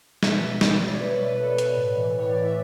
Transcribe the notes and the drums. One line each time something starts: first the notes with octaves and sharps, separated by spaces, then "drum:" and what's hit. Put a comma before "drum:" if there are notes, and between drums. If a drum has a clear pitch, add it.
B2 E5, drum: snare
B2 D5, drum: snare
D5
C#5
B2 B4
B4
B4
B2 A4
B4, drum: hi-hat
A2
E3
A2 C#5
D5
E3
E5